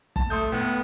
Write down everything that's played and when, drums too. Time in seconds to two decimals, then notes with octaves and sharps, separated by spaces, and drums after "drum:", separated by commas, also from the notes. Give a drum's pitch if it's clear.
0.16 A5, drum: kick
0.30 A3 C6 D#6 G6
0.52 A2 B3